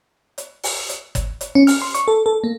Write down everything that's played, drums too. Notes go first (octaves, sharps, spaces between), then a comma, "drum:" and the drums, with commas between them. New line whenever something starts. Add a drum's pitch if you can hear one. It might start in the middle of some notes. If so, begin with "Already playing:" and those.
drum: hi-hat
drum: open hi-hat
drum: hi-hat
drum: kick G1, hi-hat
drum: hi-hat
C#4
F6, drum: open hi-hat
C6
C#6, drum: hi-hat
A4
A4
A#3